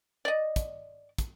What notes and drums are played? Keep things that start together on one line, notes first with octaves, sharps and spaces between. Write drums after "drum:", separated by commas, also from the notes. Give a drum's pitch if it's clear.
D5 D#5
drum: kick, hi-hat
drum: kick, hi-hat